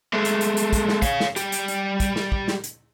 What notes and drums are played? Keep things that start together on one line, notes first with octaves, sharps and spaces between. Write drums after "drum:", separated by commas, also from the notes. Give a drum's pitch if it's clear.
G#3 A3
drum: hi-hat
drum: hi-hat
drum: hi-hat
drum: kick, hi-hat
drum: snare
C#5 F5, drum: kick, hi-hat
drum: snare
G3 G4, drum: hi-hat
drum: hi-hat
drum: hi-hat
drum: kick, hi-hat
drum: snare
drum: kick
drum: snare
drum: hi-hat